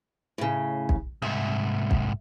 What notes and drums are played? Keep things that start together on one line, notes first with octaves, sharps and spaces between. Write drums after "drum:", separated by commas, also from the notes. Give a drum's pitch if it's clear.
A2 C#3
drum: kick B1
C2 G#2 E5
drum: kick B1